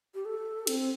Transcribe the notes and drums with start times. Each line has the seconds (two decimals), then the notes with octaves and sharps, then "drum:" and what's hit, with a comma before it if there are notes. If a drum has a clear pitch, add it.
0.15 G4
0.25 A4
0.67 C4, drum: cymbal